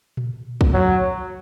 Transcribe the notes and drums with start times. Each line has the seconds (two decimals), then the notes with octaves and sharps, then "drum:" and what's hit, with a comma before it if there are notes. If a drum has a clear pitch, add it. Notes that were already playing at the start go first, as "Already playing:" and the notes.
0.17 drum: tom A#2
0.61 drum: kick
0.74 F#3